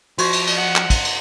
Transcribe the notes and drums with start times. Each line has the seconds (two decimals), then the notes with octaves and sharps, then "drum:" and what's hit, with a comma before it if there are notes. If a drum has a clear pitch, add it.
0.18 F3 F#4 C5 C#6, drum: cymbal
0.33 drum: cymbal
0.47 drum: cymbal
0.56 F#5
0.76 drum: clap
0.90 drum: kick, cymbal
1.04 drum: cymbal